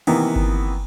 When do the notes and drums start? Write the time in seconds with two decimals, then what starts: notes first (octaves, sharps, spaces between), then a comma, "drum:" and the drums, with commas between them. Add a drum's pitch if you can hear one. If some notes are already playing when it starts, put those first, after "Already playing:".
0.07 C3 D#3 E3 A#3 B3, drum: cymbal
0.36 drum: kick G1